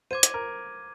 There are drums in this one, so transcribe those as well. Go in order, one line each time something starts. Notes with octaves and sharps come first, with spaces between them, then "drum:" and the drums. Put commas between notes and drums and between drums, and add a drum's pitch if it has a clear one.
C5 D6 G#6 D#7
drum: hi-hat
A#4